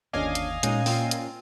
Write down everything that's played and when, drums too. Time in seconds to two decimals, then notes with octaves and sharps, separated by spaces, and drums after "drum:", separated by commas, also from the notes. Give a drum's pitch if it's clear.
0.13 G1 D#2 C#4 D4 D#5 F5 G#5 D6
0.35 drum: hi-hat
0.63 A#2 G#3 C#4 D#4, drum: hi-hat
0.86 C4 F4 G5, drum: open hi-hat
1.11 drum: hi-hat